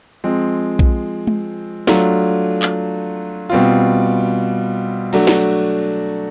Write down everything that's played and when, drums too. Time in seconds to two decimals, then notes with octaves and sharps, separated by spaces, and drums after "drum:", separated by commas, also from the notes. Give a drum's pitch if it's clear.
0.24 F3 G#3 C4
0.79 drum: kick A#1
1.27 drum: tom G#3
1.87 F#3 A3 D4 F4, drum: snare
2.62 drum: clap
3.50 B2 G3 C4 F4
5.13 F#3 A3 D4 F#4, drum: cymbal
5.27 drum: snare